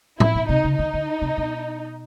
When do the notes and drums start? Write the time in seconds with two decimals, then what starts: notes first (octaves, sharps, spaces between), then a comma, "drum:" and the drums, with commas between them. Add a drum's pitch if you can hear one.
0.20 A#2 E4, drum: tom A2
0.35 B2
0.49 C3 D#4
0.64 C#3
0.79 D#3 D#4
0.94 D3
1.22 C3
1.38 B2